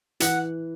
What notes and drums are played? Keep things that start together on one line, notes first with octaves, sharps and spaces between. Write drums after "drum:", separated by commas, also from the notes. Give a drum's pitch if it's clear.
E3 F#5, drum: hi-hat